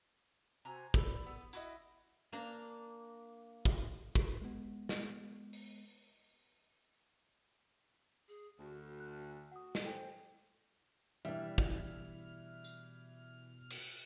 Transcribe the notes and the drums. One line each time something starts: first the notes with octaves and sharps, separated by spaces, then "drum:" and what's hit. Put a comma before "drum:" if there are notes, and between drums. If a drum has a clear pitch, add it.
C3 F#4 C5 G#5 A#5
D5 B5 E6, drum: kick
B3
E4 F#4 D#5 E5, drum: tambourine
A#3 D4 A#5
drum: kick
drum: kick
G#3 B3
drum: snare
drum: open hi-hat
G#4
D2 F#4
F#6
F#4 F#5 D#6
drum: snare
A4 C5 G5 G#5
B2 E3 G3 D4 E4 E5 F6
drum: kick
drum: tambourine
drum: cymbal